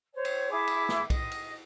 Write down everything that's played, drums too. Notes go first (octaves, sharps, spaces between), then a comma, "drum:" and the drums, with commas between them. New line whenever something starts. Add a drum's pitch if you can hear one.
C5 C#5
drum: cymbal
E4 G#4 D6
drum: cymbal
drum: snare
D#5, drum: kick B1, cymbal
drum: cymbal